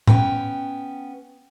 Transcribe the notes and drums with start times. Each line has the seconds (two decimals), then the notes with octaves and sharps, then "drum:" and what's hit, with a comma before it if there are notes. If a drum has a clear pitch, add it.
0.07 B3 C#4 G5, drum: tom A2